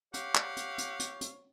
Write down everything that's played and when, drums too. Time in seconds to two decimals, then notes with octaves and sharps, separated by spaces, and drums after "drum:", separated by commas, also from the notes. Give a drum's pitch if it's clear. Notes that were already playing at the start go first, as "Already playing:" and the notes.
0.14 G4 C#5 F5 F#5, drum: hi-hat
0.35 drum: clap
0.57 drum: hi-hat
0.78 drum: hi-hat
0.99 drum: hi-hat
1.21 drum: hi-hat